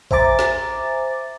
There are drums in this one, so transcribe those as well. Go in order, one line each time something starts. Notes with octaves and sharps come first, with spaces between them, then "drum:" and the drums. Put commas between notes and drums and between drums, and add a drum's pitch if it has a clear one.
C5 E5 G#5 A#5 D6 A6, drum: kick A1
drum: snare